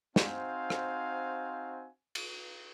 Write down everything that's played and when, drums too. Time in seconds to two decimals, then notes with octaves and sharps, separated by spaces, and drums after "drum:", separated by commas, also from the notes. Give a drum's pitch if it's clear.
0.16 C4 D#4 F#4 C5 F5 G#5, drum: snare
0.70 drum: rim click
2.15 drum: cymbal